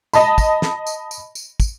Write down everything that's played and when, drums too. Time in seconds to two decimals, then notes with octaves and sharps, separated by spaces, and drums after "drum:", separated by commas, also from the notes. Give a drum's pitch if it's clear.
0.13 D#5 A5 B5, drum: tambourine
0.38 drum: kick, tambourine
0.62 drum: snare
0.87 drum: tambourine
1.11 drum: tambourine
1.35 drum: tambourine
1.60 drum: kick, tambourine